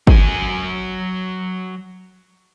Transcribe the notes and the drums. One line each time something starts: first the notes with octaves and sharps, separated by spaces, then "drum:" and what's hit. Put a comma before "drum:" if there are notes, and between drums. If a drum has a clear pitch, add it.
F#3 G#5, drum: kick